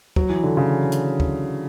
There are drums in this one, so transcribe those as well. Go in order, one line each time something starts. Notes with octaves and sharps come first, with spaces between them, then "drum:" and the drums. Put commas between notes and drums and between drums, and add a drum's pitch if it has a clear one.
F#3, drum: kick
E3
D3
C#3 E3
drum: hi-hat
drum: kick